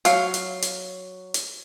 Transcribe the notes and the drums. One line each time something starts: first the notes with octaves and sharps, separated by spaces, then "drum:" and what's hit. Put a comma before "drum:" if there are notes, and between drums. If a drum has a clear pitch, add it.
F#3 F5, drum: hi-hat
drum: hi-hat
drum: hi-hat
drum: hi-hat